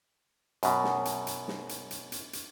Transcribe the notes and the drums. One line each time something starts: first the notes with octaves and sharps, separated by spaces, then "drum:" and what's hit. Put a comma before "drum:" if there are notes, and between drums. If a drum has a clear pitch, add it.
F#2 B2, drum: hi-hat
drum: snare
drum: hi-hat
drum: hi-hat
drum: snare
drum: hi-hat
drum: hi-hat
drum: hi-hat
drum: hi-hat